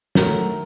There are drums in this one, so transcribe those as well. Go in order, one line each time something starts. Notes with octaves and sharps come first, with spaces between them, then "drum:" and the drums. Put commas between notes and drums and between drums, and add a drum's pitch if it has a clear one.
D#3 F#3 A3 A#4, drum: snare